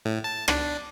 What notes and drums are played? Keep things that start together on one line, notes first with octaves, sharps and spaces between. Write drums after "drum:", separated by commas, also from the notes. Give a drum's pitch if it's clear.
A2
A5
D4, drum: rim click